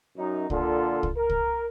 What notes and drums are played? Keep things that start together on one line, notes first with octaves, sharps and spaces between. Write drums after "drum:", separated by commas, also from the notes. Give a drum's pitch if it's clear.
F#2 D#4
A#2 D3 F4 A4, drum: kick C2
drum: kick C2
A#4
drum: kick C2